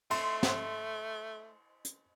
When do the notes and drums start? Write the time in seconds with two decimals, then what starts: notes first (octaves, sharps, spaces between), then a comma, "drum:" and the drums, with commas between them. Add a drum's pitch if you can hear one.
0.11 A3 C6, drum: cymbal
0.43 drum: snare
1.85 drum: hi-hat